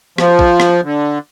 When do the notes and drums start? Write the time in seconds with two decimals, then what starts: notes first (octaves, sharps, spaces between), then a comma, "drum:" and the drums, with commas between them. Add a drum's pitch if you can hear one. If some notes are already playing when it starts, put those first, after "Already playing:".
0.18 F3, drum: rim click
0.39 drum: kick A#1
0.60 drum: rim click
0.84 D3